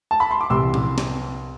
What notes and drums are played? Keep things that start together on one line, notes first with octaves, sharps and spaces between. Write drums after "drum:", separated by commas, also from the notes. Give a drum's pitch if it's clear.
A5
B5
C6
D6
C2 C3 E3 C6 E6
drum: tom
drum: snare